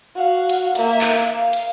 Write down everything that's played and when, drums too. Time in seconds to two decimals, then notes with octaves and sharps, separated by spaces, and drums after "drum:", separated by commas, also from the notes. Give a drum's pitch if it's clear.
0.15 F#4 F5
0.49 drum: hi-hat
0.75 A#3 E5, drum: hi-hat
1.01 drum: clap
1.35 F5
1.53 drum: hi-hat